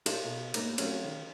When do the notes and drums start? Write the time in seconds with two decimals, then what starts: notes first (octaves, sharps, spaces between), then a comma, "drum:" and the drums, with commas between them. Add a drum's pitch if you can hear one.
0.06 D#4 F4 G4 A4 D#5 E5, drum: cymbal
0.24 B2
0.54 G#2 A#3 B3 D#4, drum: cymbal
0.78 F#3 A3 C4 C#4, drum: cymbal
1.04 D#3